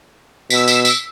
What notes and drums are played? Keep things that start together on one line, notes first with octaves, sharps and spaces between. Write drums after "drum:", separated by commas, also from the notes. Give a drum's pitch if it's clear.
B2 E6 B6, drum: tambourine
drum: tambourine
drum: tambourine